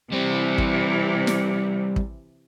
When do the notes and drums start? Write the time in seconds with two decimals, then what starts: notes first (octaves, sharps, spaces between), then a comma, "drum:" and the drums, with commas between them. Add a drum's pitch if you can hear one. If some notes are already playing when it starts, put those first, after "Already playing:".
0.12 C3 E3 G3 C4
0.58 drum: kick
1.27 drum: snare
1.96 drum: kick